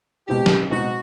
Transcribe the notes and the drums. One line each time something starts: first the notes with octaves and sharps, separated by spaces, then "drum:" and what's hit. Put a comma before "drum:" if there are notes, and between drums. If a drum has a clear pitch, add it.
B2 G#3 C4 D#4 G4
drum: snare
B2 G#3 C4 D#4 F#4